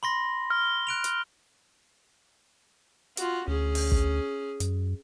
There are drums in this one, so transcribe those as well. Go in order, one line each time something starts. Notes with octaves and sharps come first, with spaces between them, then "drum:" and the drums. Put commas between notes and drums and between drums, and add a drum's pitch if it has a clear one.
B5 C6 A#6
F6
F#6 D7 F7
drum: hi-hat
F4 F#4, drum: hi-hat
D2 C#4 G#4
drum: open hi-hat
drum: kick
F#2, drum: hi-hat